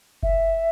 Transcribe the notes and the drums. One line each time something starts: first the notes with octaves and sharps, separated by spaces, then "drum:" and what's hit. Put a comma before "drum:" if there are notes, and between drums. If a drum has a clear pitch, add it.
E5, drum: kick F#1